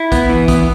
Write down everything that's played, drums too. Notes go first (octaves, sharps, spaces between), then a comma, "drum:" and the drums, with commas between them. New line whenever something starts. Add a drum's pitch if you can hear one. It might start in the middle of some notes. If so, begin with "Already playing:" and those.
Already playing: E4
B3, drum: kick, hi-hat
E3
B3, drum: kick, hi-hat